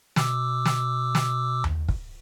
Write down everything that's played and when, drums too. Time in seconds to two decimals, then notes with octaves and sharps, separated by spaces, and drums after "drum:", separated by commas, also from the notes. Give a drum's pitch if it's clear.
0.16 B2 D6 E6, drum: snare
0.66 drum: snare
1.15 drum: snare
1.64 drum: tom D#2
1.88 drum: kick